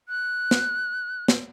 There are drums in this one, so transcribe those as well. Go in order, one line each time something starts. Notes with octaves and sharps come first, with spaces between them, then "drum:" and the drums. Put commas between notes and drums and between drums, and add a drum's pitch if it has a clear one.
F#6
drum: snare
drum: snare